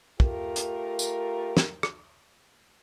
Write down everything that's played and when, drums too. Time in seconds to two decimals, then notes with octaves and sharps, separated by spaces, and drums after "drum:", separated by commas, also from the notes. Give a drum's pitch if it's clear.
0.20 A3 F4 G4 A#4, drum: kick
0.56 drum: hi-hat
0.99 drum: tambourine
1.57 drum: snare
1.83 drum: rim click